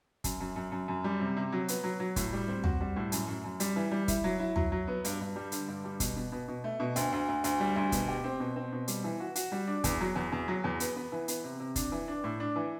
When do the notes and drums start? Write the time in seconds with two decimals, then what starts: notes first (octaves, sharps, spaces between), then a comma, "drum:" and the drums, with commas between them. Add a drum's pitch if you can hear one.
0.24 F#2, drum: kick, hi-hat
0.40 F#2
0.56 F#2
0.72 F#2
0.88 F#2
1.04 G3
1.20 C3
1.37 C3
1.52 F#3
1.68 B3, drum: hi-hat
1.84 F#3
2.00 F#3
2.16 A2, drum: kick, hi-hat
2.33 G3
2.48 C4
2.64 F#4, drum: tom
2.81 G3
2.96 A2
3.12 F#2, drum: hi-hat
3.28 F#2
3.44 F#2
3.60 G3, drum: hi-hat
3.76 E3
3.91 G3
4.08 E4, drum: kick, hi-hat
4.24 F#3
4.39 E4
4.56 F#3, drum: tom
4.72 F#3
4.87 B3
5.04 G2, drum: hi-hat
5.20 G2
5.36 G3
5.52 D3, drum: hi-hat
5.68 G2
5.85 G3
6.00 B2, drum: kick, hi-hat
6.16 B2
6.32 B2
6.48 B2
6.64 A3
6.80 B2
6.96 D2, drum: hi-hat
7.13 D2
7.29 D2
7.44 D2, drum: hi-hat
7.60 G3
7.76 D2
7.92 B2, drum: kick, hi-hat
8.08 G4
8.24 C4
8.40 B2
8.56 C4
8.72 B2
8.88 G3, drum: hi-hat
9.04 E3
9.20 F#4
9.35 F#4, drum: hi-hat
9.52 G3
9.67 D4
9.84 E2, drum: kick, hi-hat
10.01 F#3
10.15 E2
10.32 E2
10.48 F#3
10.64 E2
10.80 B3, drum: hi-hat
10.96 B3
11.12 E3
11.28 B3, drum: hi-hat
11.44 C3
11.60 C3
11.76 D4, drum: kick, hi-hat
11.92 E3
12.08 D4
12.24 A2
12.40 D4
12.56 E3